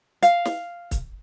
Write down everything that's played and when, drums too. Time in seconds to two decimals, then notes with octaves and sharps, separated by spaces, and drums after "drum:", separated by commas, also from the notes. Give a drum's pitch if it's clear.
0.22 F5, drum: hi-hat
0.45 drum: snare
0.91 drum: kick C#1, hi-hat